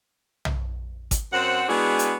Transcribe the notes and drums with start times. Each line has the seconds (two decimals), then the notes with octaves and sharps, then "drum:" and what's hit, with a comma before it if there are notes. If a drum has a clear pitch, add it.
0.45 drum: tom B1
1.11 drum: kick G#1, hi-hat
1.33 F#2 C4 C5 F#5
1.69 G#3 B3 D4 E4 F#4 G#4
1.99 drum: hi-hat